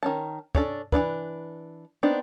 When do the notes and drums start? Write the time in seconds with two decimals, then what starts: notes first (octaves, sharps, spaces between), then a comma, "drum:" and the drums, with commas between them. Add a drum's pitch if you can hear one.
0.03 D#3 C#4 A5
0.55 C#4 D4 A4, drum: kick
0.92 E3 C#4 D4 B4, drum: kick
2.03 B3 C4 D4 D#4 C5